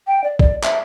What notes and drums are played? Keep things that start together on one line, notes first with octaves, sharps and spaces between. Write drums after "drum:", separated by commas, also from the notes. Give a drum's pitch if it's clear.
G5
D5
D5, drum: kick
E5, drum: clap